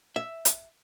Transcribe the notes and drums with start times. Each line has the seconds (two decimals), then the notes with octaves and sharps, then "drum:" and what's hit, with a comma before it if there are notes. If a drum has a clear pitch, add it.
0.16 E5
0.45 drum: hi-hat